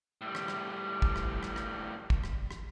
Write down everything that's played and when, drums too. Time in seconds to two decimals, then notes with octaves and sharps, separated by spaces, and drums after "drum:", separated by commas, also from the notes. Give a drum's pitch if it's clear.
0.21 A2 G3
0.35 drum: rim click
0.48 drum: rim click
1.02 drum: kick
1.16 drum: rim click
1.43 drum: rim click
1.56 drum: rim click
2.10 drum: kick
2.24 drum: rim click
2.51 drum: rim click